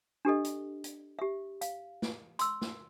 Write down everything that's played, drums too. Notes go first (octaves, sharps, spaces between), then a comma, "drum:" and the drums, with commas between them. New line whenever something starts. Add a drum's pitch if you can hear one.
D4 G4 A4 D#5
drum: hi-hat
drum: hi-hat
G4 E5
F5, drum: hi-hat
drum: snare
C6 E6, drum: hi-hat
drum: snare